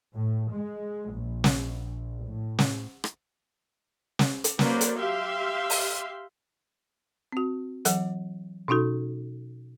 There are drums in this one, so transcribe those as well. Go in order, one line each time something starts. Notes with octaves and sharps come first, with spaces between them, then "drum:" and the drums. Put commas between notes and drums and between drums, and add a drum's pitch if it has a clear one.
A2
G#3
A#1
drum: snare
A2
drum: snare
drum: rim click
drum: snare
drum: hi-hat
F#3 A#3 B4 C5 D5, drum: snare
drum: hi-hat
G4 E5 F5 C6
drum: open hi-hat
C4 F#4
E3 F#3 F#5, drum: hi-hat
B2 C#4 D#4 F#4 A4